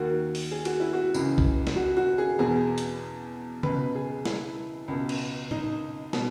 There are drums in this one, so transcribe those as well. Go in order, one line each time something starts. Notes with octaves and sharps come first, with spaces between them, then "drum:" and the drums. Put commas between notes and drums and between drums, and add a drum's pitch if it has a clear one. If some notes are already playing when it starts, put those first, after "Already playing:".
Already playing: D#2 D#3 F#4
drum: open hi-hat
G#4
F#4, drum: cymbal
E4
F#4
C#2 C#3 E3, drum: tambourine
drum: kick C2
drum: snare
F#4
F#4
G#4
E2 B2 G#4
drum: hi-hat
C#2 B2 B4, drum: tom C#3
G#4
E4, drum: snare
C#2 B2
drum: cymbal
D#4, drum: tom A2
B2, drum: snare